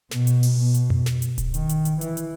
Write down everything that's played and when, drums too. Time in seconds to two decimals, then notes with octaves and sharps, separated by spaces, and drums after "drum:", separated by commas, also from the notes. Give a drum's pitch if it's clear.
0.11 B2, drum: snare
0.27 drum: hi-hat
0.43 drum: open hi-hat
0.59 B2
0.74 drum: hi-hat
0.90 drum: tom F2
1.06 drum: snare
1.22 drum: hi-hat
1.38 drum: kick D1, hi-hat
1.54 D#3, drum: hi-hat
1.69 drum: hi-hat
1.85 drum: hi-hat
2.01 E3, drum: hi-hat
2.17 drum: hi-hat